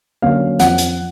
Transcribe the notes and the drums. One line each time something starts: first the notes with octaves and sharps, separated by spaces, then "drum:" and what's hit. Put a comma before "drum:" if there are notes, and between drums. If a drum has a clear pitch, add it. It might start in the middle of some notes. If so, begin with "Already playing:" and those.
D3 F#3 A#3 C#4 F5
F2 F#5, drum: hi-hat
drum: hi-hat